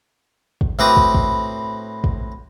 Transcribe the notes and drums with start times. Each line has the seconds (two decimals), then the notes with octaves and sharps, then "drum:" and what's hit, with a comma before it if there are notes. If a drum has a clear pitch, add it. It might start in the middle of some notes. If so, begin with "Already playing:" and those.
0.61 drum: kick
0.79 A2 C4 F#4 B4 D6 D#6
0.97 drum: kick
1.15 drum: kick
2.04 drum: kick